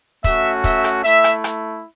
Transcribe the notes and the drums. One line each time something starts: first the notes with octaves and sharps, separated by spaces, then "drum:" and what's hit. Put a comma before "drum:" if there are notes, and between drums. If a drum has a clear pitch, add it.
A3 C#4 F#4 E5, drum: kick, hi-hat
E5, drum: kick, hi-hat
drum: rim click
A3 E4 E5, drum: hi-hat
drum: rim click
drum: rim click